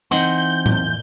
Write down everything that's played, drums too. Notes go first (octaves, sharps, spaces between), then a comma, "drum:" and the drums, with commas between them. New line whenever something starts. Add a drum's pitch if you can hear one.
E3 C4 D#4 F#5 C6 G6
drum: tom A2